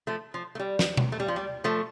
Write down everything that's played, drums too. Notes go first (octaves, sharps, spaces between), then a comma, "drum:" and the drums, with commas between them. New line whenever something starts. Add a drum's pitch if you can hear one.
F3 A3
F3
A3
G3
drum: snare
drum: tom B2
A3
G3
F3
G3
F3 A3